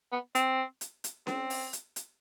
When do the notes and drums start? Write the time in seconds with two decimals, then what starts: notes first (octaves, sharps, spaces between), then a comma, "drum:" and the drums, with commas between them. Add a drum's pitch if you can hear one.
0.12 B3
0.35 C4, drum: hi-hat
0.81 drum: hi-hat
1.04 drum: hi-hat
1.27 C4, drum: snare C#4
1.50 drum: open hi-hat
1.73 drum: hi-hat
1.96 drum: hi-hat